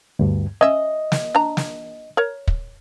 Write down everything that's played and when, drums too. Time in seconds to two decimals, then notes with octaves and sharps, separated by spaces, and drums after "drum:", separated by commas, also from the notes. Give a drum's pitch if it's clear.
0.19 D2 G2
0.61 C#4 D#5 E5
1.12 drum: snare
1.35 D4 A#5
1.57 drum: snare
2.17 A#4 C#5
2.48 drum: kick